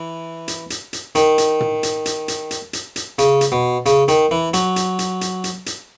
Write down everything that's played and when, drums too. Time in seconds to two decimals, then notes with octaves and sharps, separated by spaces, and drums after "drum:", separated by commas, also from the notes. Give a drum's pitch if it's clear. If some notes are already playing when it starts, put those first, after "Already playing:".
Already playing: E3
0.48 drum: hi-hat
0.70 drum: hi-hat
0.93 drum: hi-hat
1.15 D#3, drum: hi-hat
1.38 drum: hi-hat
1.60 drum: tom
1.83 drum: hi-hat
2.06 drum: hi-hat
2.28 drum: hi-hat
2.51 drum: hi-hat
2.73 drum: hi-hat
2.96 drum: hi-hat
3.19 C#3, drum: hi-hat
3.41 drum: hi-hat
3.52 B2
3.86 C#3, drum: hi-hat
4.08 D#3, drum: hi-hat
4.31 E3
4.54 F#3, drum: hi-hat
4.76 drum: hi-hat
4.99 drum: hi-hat
5.21 drum: hi-hat
5.44 drum: hi-hat
5.66 drum: hi-hat